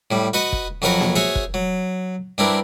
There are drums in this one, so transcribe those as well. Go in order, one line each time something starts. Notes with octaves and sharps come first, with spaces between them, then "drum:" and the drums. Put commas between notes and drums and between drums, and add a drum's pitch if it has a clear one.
A2 G3
F#4 B4 D#5 F#5
drum: kick
F2 F#3 F#4 A#4 B4 F#5
drum: snare A#3
F#4 G#4 C5 C#5 E5
drum: kick
F#3
G2 C4 D4 E4 A#4